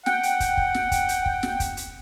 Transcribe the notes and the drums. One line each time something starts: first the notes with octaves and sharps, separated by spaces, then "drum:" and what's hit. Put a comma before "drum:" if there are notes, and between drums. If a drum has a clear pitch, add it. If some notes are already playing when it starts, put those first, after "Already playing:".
F#5 G5, drum: snare
drum: hi-hat
drum: kick, hi-hat
drum: kick
drum: snare
drum: kick, hi-hat
drum: hi-hat
drum: kick
drum: snare
drum: kick, hi-hat
drum: hi-hat